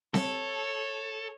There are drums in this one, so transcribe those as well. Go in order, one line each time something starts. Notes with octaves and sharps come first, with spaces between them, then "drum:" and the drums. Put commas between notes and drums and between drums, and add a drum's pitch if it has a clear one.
A4 C#5, drum: snare C4